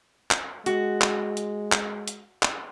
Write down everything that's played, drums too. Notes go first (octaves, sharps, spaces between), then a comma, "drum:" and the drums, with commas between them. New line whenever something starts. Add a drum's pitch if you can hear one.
drum: clap
G#3 F#4, drum: hi-hat
drum: clap
drum: hi-hat
drum: clap
drum: hi-hat
drum: clap